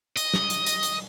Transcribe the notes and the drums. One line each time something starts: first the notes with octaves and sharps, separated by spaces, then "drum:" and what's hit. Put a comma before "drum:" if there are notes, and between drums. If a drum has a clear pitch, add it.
D#5, drum: hi-hat
drum: snare
drum: hi-hat
drum: hi-hat
drum: hi-hat